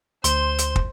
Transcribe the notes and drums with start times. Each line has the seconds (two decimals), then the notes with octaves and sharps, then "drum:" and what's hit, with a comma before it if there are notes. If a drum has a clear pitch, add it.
0.24 D2 C5 C6, drum: hi-hat
0.58 drum: hi-hat
0.76 drum: kick